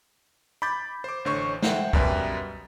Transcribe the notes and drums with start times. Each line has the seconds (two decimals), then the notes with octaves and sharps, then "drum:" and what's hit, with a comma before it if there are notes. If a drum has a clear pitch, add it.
0.62 B5 D6 G6 A6
1.04 C5 D6
1.25 A1 D3 C5 C#5 C#6
1.62 C5 E5 F#5 G5, drum: snare
1.93 F#2 B2 G3 B4 E5 G5, drum: kick